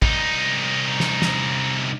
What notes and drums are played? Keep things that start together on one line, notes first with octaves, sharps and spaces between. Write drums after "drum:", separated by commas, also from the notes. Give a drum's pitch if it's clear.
C2 D#4, drum: kick
drum: snare
drum: snare